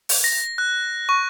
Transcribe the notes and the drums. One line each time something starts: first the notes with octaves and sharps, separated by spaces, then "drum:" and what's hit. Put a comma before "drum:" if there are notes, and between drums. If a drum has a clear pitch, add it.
drum: open hi-hat
A#6
F#6
C#6